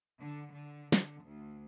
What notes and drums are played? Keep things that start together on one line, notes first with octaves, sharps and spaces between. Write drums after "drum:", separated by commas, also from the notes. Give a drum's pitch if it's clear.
D3
D3
D3, drum: snare
D2